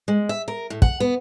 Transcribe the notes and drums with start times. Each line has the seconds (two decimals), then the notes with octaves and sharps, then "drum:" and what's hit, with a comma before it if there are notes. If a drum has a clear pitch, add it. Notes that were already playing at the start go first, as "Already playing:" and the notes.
0.08 G#3
0.29 E5
0.48 A#4
0.70 A2
0.82 F#5, drum: kick
1.00 B3